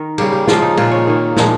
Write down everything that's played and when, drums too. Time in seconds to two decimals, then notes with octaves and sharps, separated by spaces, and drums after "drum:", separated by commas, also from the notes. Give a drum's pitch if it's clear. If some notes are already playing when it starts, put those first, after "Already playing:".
Already playing: D#3 A#4
0.18 C#3 G3 A#3 G4, drum: cymbal
0.32 G4
0.48 C#3 F3 G#3 F4, drum: snare
0.62 D#4
0.77 A#2 G#3 F4, drum: cymbal
0.91 C#5
1.07 D#3 A#3
1.37 A#2 F3 G#3, drum: snare